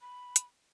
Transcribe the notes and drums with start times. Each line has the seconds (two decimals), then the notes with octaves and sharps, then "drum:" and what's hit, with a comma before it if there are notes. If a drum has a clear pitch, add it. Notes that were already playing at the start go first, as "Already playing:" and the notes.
0.01 B5
0.36 drum: hi-hat